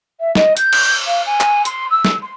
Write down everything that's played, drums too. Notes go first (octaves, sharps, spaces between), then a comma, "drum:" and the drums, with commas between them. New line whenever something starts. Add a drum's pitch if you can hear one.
E5
D#5, drum: snare
G6, drum: hi-hat
drum: cymbal
F5
G#5
drum: clap
C6, drum: hi-hat
E6
drum: snare
C6